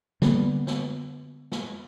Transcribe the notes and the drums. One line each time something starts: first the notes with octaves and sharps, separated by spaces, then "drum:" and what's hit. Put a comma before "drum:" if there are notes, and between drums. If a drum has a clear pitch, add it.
D3 G3 A#3 B3, drum: snare
drum: snare
drum: snare